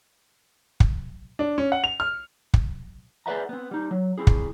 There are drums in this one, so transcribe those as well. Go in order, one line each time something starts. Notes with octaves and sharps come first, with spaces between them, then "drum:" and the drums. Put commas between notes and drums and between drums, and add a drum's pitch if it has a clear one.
drum: kick
D4
C#4
F#5
F7
F6
drum: kick
G#4 B4 D5 E5 F#5 A#5
B3 C4
G3 D#4
F#3
C4 E4 G#4
drum: kick